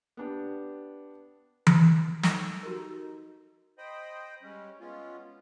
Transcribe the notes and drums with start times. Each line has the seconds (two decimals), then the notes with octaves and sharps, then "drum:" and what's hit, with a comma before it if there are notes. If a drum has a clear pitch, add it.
0.17 B3 D4 G4
1.67 drum: tom E3
2.23 D#4 A4, drum: snare
2.63 F#4 G4 A#4
3.78 C5 D#5 G5 B5 D#6
4.43 G3 G#3 C#4
4.80 G#3 B3 C#4 F4